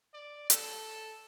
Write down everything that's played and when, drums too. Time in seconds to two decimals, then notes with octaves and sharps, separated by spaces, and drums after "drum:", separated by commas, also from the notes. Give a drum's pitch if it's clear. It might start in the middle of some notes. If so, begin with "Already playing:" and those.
0.14 D5
0.50 A4, drum: hi-hat